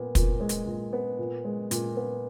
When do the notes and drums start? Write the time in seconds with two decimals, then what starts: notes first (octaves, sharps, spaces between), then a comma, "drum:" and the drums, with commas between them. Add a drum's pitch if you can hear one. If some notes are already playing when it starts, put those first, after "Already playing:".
Already playing: A#2 B3
0.15 A#2, drum: kick, hi-hat
0.40 G#3
0.49 drum: hi-hat
0.67 A#2
0.93 B3
1.19 A#2
1.44 G#3
1.71 A#2, drum: hi-hat
1.97 B3